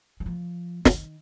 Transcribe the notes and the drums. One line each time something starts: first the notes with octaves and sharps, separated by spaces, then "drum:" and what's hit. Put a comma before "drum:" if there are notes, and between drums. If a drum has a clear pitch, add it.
F#3
F3
D#3, drum: snare